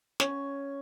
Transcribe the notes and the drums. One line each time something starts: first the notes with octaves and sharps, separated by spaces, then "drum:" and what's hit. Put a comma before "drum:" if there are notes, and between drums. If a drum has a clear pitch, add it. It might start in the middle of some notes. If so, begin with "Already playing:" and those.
C#4, drum: snare